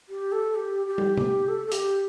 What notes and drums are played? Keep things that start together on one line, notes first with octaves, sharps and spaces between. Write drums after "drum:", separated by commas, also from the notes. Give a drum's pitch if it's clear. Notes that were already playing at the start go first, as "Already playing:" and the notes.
G4
A4
G4
G4
drum: tom
G4, drum: tom C3
A4
A4
G4, drum: hi-hat